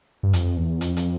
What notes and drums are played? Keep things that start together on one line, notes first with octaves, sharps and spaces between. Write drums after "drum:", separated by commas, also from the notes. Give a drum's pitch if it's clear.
G2
F2, drum: hi-hat
E2
F2, drum: hi-hat
drum: hi-hat